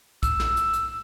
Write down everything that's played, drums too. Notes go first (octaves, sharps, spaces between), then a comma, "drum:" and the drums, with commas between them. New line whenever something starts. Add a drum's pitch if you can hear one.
E6, drum: kick, hi-hat
drum: snare
drum: hi-hat
drum: hi-hat